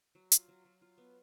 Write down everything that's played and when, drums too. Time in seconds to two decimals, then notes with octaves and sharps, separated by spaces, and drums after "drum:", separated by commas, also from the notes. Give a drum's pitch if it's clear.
0.15 F#3
0.32 F4, drum: hi-hat
0.48 F#3
0.65 F#3
0.82 F4
0.98 B3